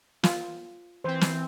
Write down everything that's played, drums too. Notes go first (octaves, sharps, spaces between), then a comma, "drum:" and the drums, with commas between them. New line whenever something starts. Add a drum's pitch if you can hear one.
F4, drum: snare
E3 C4 C5
drum: snare